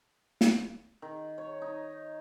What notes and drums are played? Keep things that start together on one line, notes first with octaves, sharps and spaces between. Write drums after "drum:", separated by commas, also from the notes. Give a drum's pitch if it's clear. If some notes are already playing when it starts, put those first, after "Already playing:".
drum: snare
D#3
C#5
D#4